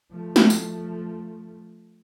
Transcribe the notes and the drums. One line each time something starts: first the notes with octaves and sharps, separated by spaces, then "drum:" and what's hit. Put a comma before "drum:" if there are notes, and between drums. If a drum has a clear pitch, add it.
F3 A3
drum: snare
drum: tambourine